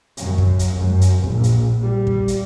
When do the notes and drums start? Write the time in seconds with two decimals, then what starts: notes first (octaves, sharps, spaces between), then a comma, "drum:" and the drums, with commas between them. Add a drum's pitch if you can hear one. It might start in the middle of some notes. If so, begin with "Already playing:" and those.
0.17 F#2, drum: hi-hat
0.38 drum: kick
0.59 drum: hi-hat
0.76 F#2
1.01 drum: hi-hat
1.24 A#1, drum: kick
1.44 drum: hi-hat
1.82 G3
2.07 drum: kick
2.28 drum: hi-hat